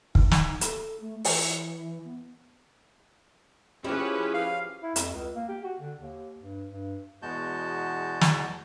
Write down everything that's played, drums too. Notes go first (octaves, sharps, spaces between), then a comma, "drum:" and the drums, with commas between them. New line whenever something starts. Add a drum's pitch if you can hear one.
D#4, drum: kick
drum: snare
A4, drum: hi-hat
A3
E3, drum: open hi-hat
B3
F3 C#4 E4 G4 G#4 B4
F5
E4
F2, drum: hi-hat
C#2
A#3
G4
F#4
D3
D#2
G2
G2
E2 B2 G#3 F#4 A5 G6
drum: snare